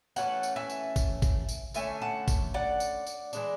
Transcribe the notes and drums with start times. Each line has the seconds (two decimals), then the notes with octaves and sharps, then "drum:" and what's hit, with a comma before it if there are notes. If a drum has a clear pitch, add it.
0.16 E3 A3 C#4 F#5, drum: tambourine
0.43 drum: tambourine
0.56 E5 G#5
0.70 drum: tambourine
0.96 drum: kick, tambourine
1.22 drum: kick, tambourine
1.49 drum: tambourine
1.74 D3 A3 C#4 E5 G#5, drum: tambourine
2.01 F#5 A5
2.28 drum: kick, tambourine
2.54 D5 F#5
2.80 drum: tambourine
3.07 drum: tambourine
3.33 E3 G#3 D4, drum: tambourine